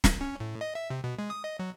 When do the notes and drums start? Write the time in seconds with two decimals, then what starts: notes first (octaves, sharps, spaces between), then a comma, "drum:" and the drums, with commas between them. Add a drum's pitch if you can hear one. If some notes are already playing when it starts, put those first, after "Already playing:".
0.04 drum: snare
0.21 C#4
0.40 A2
0.61 D#5
0.75 E5
0.90 C3
1.04 B2
1.19 G#3
1.30 D#6
1.44 D#5
1.59 F#3